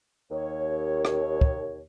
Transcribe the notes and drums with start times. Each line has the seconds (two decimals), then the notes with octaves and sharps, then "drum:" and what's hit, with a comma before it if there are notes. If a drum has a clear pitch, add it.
0.31 D#2 C#5
1.05 drum: rim click
1.41 drum: kick